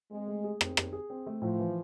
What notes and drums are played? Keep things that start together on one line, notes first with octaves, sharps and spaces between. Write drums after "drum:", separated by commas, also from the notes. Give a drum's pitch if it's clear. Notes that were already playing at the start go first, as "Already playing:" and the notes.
G#3 C4
A3
G#4
C4, drum: rim click
G#4, drum: rim click
G#4
C4
A3
A2 F3
E3